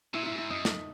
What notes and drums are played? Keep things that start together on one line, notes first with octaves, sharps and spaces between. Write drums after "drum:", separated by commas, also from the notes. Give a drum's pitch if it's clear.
A#2 E4
E4
G#2
E4
F#2 D#4
drum: snare